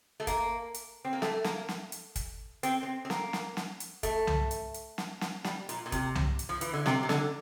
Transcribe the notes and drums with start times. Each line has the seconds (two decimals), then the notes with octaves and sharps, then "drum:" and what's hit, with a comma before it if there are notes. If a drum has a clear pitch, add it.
0.20 A3
0.27 A#3, drum: kick, hi-hat
0.74 drum: hi-hat
1.05 C4
1.13 A#3
1.22 A3, drum: snare
1.44 A#3, drum: snare
1.69 drum: snare
1.92 drum: hi-hat
2.16 drum: kick, hi-hat
2.63 C4, drum: hi-hat
2.83 C4
3.05 C4
3.10 A#3, drum: snare
3.33 drum: snare
3.57 drum: snare
3.80 drum: hi-hat
4.03 A3, drum: kick, hi-hat
4.27 drum: tom C2
4.51 drum: hi-hat
4.74 drum: hi-hat
4.98 drum: snare
5.21 drum: snare
5.44 G3, drum: snare
5.69 A#2, drum: hi-hat
5.86 A#2
5.92 C3, drum: kick, hi-hat
6.15 drum: tom C2
6.39 drum: hi-hat
6.49 F3
6.61 E3, drum: hi-hat
6.73 D3
6.86 C3, drum: snare
7.03 C3
7.09 D3, drum: snare